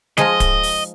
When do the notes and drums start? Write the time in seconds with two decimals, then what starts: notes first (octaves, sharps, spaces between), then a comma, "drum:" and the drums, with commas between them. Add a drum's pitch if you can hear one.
0.17 F3 G#3 D#4 D#5, drum: snare
0.40 drum: kick D1, hi-hat
0.63 drum: open hi-hat